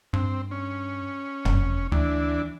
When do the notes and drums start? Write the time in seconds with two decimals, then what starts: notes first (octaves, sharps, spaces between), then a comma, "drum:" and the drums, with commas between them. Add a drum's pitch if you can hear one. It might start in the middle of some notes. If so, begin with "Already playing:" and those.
0.13 G2 C4
0.51 C#4
1.45 F1, drum: tom
1.92 D2 E3 D4